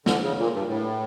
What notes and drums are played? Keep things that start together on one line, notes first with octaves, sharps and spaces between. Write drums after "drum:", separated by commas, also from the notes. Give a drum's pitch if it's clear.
D3, drum: snare
C#3
A#2
G2
A2